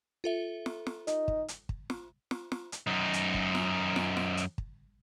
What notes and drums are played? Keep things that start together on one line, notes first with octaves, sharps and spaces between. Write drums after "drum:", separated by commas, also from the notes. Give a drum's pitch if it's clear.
F4 A4 E5
drum: snare
drum: snare
D#4, drum: hi-hat
drum: kick
drum: hi-hat
drum: kick
drum: snare
drum: snare
drum: snare
drum: hi-hat
F#2 D#4
drum: hi-hat
drum: kick
drum: snare
drum: snare
drum: snare
drum: hi-hat
drum: kick